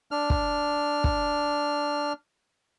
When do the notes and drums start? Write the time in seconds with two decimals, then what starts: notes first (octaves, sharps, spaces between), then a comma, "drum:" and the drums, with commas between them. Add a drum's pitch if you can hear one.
0.11 D4 F6
0.30 drum: kick
1.04 drum: kick